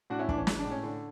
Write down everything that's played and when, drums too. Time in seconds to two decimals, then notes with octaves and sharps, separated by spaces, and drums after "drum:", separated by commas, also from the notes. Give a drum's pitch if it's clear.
0.10 A2 D4 F#4
0.19 C#4 E4
0.29 E3 D4, drum: kick
0.38 C#4
0.47 G#3, drum: snare
0.59 D4
0.65 A2
0.71 C#4
0.83 D3